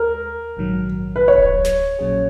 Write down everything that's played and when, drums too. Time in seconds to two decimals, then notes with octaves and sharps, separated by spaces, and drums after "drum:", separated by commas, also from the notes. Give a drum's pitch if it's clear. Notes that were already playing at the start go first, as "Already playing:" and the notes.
Already playing: D#2 G#3 A#4
0.57 A#1 G#2 D#3 F#3
1.16 B4
1.28 C#5
1.38 drum: kick D1
1.65 drum: snare
1.99 A#1 A#2 F#3 C#4 G#4